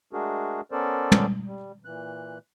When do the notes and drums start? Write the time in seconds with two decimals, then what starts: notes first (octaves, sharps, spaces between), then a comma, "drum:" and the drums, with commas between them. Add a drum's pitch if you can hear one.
0.13 G#3 A3 D4 F#4 G#4 A#4
0.72 B3 C#4 A4 A#4 C5 D5
1.12 drum: tom
1.47 G3
1.85 A#2 E3 F#6